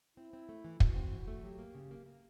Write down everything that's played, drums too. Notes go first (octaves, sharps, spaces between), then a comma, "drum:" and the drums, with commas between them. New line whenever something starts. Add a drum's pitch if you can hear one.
C4 E4
C4
A3
E3
E3 F#4, drum: kick
C4
E3
A3
F#3 G4
A#3
C#3
A#3
A#3